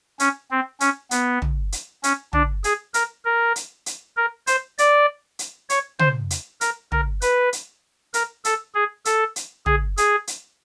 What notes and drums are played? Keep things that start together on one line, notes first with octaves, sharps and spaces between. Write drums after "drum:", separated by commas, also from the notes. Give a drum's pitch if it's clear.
C#4, drum: hi-hat
C4
C#4, drum: hi-hat
B3, drum: hi-hat
drum: tom
drum: hi-hat
C#4, drum: hi-hat
D4, drum: tom
G#4, drum: hi-hat
A#4, drum: hi-hat
A#4
drum: hi-hat
drum: hi-hat
A#4
C5, drum: hi-hat
D5, drum: hi-hat
drum: hi-hat
C#5, drum: hi-hat
C5, drum: tom
drum: hi-hat
A#4, drum: hi-hat
A#4, drum: tom
B4, drum: hi-hat
drum: hi-hat
A#4, drum: hi-hat
A4, drum: hi-hat
G#4
A4, drum: hi-hat
drum: hi-hat
G#4, drum: tom
G#4, drum: hi-hat
drum: hi-hat